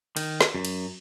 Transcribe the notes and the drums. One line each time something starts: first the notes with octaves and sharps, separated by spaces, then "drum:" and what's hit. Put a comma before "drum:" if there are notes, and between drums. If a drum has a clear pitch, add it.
D#3, drum: cymbal
drum: snare
F#2
drum: cymbal